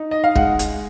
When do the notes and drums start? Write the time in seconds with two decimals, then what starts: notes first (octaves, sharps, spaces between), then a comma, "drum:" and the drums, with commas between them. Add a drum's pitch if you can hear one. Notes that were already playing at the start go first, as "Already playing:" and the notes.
Already playing: D#4
0.11 D#5
0.24 F5
0.35 G#3 F#5, drum: kick
0.59 drum: hi-hat